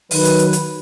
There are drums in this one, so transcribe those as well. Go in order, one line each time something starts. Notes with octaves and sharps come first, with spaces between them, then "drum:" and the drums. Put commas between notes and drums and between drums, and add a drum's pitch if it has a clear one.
D#3 F#3 B4, drum: open hi-hat
drum: hi-hat
drum: hi-hat
drum: hi-hat